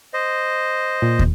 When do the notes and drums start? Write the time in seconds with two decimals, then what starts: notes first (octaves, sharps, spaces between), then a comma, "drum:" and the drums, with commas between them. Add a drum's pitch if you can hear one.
0.14 C5 D#5
1.02 A#2
1.19 drum: kick